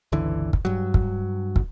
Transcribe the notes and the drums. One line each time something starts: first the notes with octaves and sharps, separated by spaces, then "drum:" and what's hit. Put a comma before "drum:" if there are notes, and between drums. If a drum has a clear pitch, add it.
G1 C#2 D3 E3
drum: kick
G2 F#3
drum: kick
drum: kick